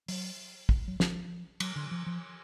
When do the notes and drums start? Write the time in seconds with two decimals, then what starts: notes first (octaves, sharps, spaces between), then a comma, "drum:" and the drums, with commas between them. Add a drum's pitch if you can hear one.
0.08 F#3, drum: open hi-hat
0.69 drum: kick
0.88 F#3
1.00 F3, drum: snare
1.60 F#3, drum: cymbal
1.76 D3
1.91 F3
2.06 F3